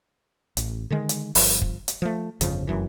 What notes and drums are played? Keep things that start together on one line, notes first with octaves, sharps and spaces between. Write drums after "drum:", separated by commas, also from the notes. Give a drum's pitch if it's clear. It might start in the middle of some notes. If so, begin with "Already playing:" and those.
A1, drum: hi-hat
D3 D#3 G#3
drum: hi-hat
G1 F3, drum: open hi-hat
drum: kick
drum: hi-hat
F3 A3
G1 F2 C#3 F3, drum: hi-hat
F1 F#2 E3